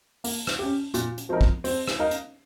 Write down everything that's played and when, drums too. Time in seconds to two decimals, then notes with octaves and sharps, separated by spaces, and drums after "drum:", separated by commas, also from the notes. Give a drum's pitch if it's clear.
0.24 A#3, drum: open hi-hat
0.47 drum: rim click
0.59 C#4 G4
0.94 A#2, drum: hi-hat
1.17 drum: hi-hat
1.29 F3 C4 D#4 A#4
1.41 drum: kick
1.64 C4, drum: open hi-hat
1.87 drum: rim click
1.99 D#4 A#4 F5
2.11 drum: hi-hat